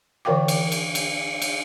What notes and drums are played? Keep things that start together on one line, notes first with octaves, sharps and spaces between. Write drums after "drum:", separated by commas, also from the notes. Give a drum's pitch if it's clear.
D3 E3 A#4 F5 G5 D6
drum: cymbal
drum: cymbal
drum: cymbal
drum: cymbal